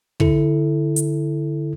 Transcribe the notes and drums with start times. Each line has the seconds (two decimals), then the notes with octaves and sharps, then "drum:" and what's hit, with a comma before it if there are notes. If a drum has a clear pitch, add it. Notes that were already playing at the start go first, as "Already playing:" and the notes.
0.20 D3 E4 A4, drum: kick
0.96 drum: hi-hat